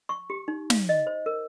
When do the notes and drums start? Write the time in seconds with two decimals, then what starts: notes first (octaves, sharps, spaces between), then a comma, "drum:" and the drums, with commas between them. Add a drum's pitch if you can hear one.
0.09 C#6
0.30 G4
0.48 D#4
0.70 F5, drum: snare
0.89 D#5
1.07 C5
1.26 A#4